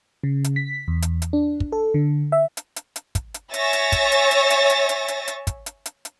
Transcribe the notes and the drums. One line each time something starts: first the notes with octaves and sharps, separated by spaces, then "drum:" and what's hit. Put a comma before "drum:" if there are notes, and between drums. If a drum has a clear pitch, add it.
C#3
drum: hi-hat
B6
E2
drum: hi-hat
drum: hi-hat
D4
drum: kick
A4
D3
E5
drum: hi-hat
drum: hi-hat
drum: hi-hat
drum: kick, hi-hat
drum: hi-hat
C#5 E5 G#5 C#6 A6 A#6, drum: hi-hat
drum: hi-hat
drum: kick, hi-hat
drum: hi-hat
drum: hi-hat
drum: hi-hat
drum: hi-hat
drum: hi-hat
drum: hi-hat
drum: hi-hat
drum: kick, hi-hat
drum: hi-hat
drum: hi-hat
drum: hi-hat